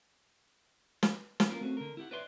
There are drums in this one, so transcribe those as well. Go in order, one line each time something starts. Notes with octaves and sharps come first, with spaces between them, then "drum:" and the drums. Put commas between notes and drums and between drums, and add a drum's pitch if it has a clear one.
drum: snare
drum: snare
A#3 C#4 F4 A#4
A3 C4 C#4 F#4
D3 A#4
E4 G4 F#5
B4 C#5 D5 E5 G5 C6